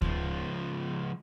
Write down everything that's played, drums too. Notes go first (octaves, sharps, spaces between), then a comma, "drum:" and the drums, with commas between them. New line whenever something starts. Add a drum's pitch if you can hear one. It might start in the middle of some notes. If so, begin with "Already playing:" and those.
C#2 F3, drum: kick D2